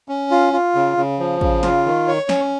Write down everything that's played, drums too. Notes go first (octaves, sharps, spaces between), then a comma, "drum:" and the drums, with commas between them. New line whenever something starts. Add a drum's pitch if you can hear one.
C#4
F4
F4
C#3
C#3
F3
C#3, drum: kick
F4, drum: snare
D#3
C#5
C#4, drum: snare